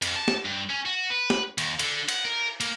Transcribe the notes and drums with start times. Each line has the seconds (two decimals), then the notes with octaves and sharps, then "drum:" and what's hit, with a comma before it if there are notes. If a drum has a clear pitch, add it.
0.02 F2, drum: cymbal
0.16 A5
0.28 drum: snare
0.45 G2
0.70 C#4
0.86 F#4
1.10 B4
1.30 drum: snare
1.58 D#2, drum: cymbal
1.79 D3, drum: cymbal
2.09 F#5, drum: cymbal
2.24 A#4
2.61 A#3, drum: cymbal